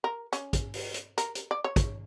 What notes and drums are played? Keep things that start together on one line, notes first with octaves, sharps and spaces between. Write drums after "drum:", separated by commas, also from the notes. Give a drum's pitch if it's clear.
A#4
C#4, drum: hi-hat
drum: kick, hi-hat
drum: open hi-hat
drum: hi-hat
A#4, drum: hi-hat
drum: hi-hat
D5
C#5
drum: kick, hi-hat